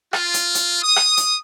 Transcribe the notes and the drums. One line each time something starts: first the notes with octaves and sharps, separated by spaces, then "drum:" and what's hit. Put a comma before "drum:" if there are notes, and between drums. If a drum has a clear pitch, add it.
F4, drum: rim click
drum: hi-hat
drum: hi-hat
D#6
drum: rim click
drum: hi-hat